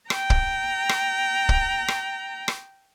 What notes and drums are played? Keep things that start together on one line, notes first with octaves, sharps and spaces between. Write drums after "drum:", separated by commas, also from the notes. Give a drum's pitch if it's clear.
G5 A#5, drum: rim click
drum: kick
drum: rim click
drum: kick
drum: rim click
drum: rim click